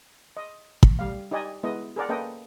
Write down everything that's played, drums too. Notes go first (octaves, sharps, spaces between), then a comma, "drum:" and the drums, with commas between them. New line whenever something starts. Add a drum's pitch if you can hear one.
D#5
drum: kick
G3 F5
D#4 G4 D5 D#5 G#5
G#3 B3 E4 D#5
G#4 A#4 D5 F#5
A#3 C#4 A4 B4 D#5 G5